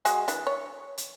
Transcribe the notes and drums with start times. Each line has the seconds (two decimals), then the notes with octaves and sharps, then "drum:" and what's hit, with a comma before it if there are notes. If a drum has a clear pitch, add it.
0.05 G#3 F#4 G#4, drum: hi-hat
0.28 E3 D4, drum: hi-hat
0.47 C#5
0.98 drum: hi-hat